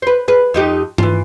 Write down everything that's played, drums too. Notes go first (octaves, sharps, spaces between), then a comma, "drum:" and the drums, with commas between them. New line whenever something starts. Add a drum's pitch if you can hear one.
B4 C5
G#4 B4
F2 D#4 G4
E3 F4, drum: tom G2